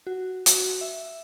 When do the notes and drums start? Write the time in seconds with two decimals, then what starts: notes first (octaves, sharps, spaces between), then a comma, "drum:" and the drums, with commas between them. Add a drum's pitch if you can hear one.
0.07 F#4
0.46 F#4, drum: hi-hat
0.81 E5